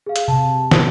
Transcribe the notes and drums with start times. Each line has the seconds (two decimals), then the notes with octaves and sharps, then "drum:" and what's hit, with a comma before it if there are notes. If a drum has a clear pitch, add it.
0.06 G#4 F5
0.16 drum: hi-hat
0.28 C3 A5
0.71 F#6, drum: snare